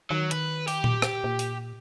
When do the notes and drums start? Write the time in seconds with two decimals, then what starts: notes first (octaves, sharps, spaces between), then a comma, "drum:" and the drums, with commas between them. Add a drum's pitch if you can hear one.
0.11 D#3 F#3
0.31 B4, drum: hi-hat
0.68 G4, drum: open hi-hat
0.84 drum: tom A#2
1.02 drum: rim click
1.24 A#2
1.39 drum: open hi-hat